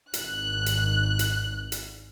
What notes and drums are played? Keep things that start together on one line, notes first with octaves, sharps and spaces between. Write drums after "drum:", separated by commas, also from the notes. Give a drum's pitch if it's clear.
G#1 F#6, drum: hi-hat
drum: hi-hat
drum: hi-hat
drum: hi-hat